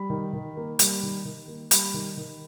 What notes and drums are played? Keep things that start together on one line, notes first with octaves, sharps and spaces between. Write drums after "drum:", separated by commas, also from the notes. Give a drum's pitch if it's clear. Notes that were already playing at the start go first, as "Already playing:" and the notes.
Already playing: G3 B5
D#3
D#3
A#3
G3, drum: hi-hat
D#3
D#3
A#3
G3 B5, drum: hi-hat
D#3
D#3